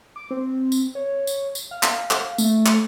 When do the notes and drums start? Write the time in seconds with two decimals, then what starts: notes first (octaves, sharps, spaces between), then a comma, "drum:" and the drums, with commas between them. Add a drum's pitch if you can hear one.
0.16 D6
0.31 C4
0.72 drum: tambourine
0.95 C#5
1.27 drum: tambourine
1.55 drum: tambourine
1.71 F5
1.83 drum: clap
2.11 drum: clap
2.38 A3, drum: tambourine
2.66 drum: clap